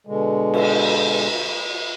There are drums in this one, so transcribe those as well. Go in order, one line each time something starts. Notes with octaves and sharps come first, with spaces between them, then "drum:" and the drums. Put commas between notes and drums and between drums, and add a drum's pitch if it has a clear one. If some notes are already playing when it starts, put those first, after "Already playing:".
B2 D3 G#3
drum: cymbal